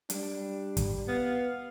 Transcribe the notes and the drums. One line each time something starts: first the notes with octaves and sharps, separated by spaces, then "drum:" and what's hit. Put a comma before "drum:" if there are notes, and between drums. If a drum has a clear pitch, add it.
G3 D4, drum: hi-hat
drum: kick, hi-hat
B3 F5